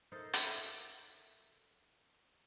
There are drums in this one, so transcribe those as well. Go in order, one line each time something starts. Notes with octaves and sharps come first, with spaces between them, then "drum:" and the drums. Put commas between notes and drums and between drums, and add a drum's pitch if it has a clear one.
D#4 A4 A#4 C5
A4 E5, drum: hi-hat